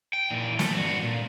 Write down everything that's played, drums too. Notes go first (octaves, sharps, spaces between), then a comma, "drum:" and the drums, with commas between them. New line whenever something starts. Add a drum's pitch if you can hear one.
G5
A#2 E3
A3, drum: snare
G2 F#4
A#2